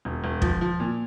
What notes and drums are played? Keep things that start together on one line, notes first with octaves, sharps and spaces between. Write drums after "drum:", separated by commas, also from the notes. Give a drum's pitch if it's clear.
E1
E1
F3, drum: kick
F3
A#2